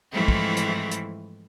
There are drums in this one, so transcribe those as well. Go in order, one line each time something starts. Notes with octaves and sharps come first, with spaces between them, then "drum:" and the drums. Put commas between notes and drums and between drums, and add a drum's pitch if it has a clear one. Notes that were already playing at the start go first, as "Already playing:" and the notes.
G#2 E3 F3 A3 C4 E4
drum: kick
drum: hi-hat
drum: hi-hat